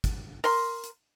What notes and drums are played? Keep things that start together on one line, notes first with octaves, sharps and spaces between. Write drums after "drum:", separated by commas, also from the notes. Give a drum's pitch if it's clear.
drum: kick, hi-hat
A#4 C6, drum: open hi-hat
drum: hi-hat